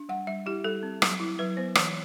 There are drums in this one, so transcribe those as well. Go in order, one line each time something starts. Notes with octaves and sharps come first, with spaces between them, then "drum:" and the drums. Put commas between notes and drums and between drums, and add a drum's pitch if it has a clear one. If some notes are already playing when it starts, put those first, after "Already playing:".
Already playing: D4
G3 F#5
G3 E5
E4 G4
G3 A4
C4
F#3, drum: rim click
E4
F#3 B4
B3 C5
E3, drum: rim click